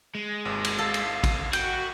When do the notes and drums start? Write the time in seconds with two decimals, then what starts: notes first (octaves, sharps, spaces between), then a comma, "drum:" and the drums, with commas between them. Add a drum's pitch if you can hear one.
0.15 G#3
0.45 G#1 D#2
0.64 drum: cymbal
0.78 A4 F5
0.94 drum: cymbal
1.24 drum: kick A1, cymbal
1.53 F#4 G5, drum: cymbal